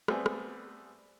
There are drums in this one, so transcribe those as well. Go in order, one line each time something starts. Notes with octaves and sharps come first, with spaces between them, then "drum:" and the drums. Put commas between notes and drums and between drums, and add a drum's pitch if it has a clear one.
G3 A3 B3 C4 G#4, drum: rim click
drum: rim click